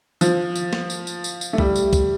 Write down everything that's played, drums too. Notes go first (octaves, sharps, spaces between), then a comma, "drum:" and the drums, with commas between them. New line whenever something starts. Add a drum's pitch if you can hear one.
F3, drum: tambourine
drum: tambourine
drum: snare
drum: tambourine
drum: tambourine
drum: tambourine
drum: tambourine
A3
G3, drum: kick B1
drum: tambourine
drum: kick B1, tambourine